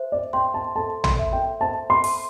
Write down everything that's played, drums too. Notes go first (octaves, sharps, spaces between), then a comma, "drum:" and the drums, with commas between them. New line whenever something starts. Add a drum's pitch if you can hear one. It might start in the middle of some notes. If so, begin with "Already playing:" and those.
Already playing: C5 E5
D5
G5 C6
A5
A4 A5
C6, drum: tom
E5
G5
C5 A5
C6
C6, drum: open hi-hat